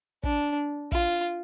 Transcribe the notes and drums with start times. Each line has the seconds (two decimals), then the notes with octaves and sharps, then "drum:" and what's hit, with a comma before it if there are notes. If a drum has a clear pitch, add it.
0.23 D4, drum: kick
0.92 F4, drum: kick